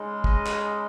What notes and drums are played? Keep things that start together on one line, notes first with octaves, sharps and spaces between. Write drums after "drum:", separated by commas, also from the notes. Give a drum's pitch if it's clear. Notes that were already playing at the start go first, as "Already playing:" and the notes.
Already playing: C#3 G#3 D#4
D#5, drum: kick
drum: clap